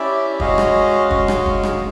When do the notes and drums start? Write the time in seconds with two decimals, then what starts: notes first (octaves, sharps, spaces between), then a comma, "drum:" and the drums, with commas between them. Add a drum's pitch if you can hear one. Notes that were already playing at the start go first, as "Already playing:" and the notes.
Already playing: C#4 E4 G4 D5 E5
0.40 G#3 C#4 F#4 D#5 F5, drum: kick
0.58 drum: rim click
1.11 G#3 C#4 F#4, drum: kick
1.28 drum: rim click
1.46 drum: kick
1.63 drum: rim click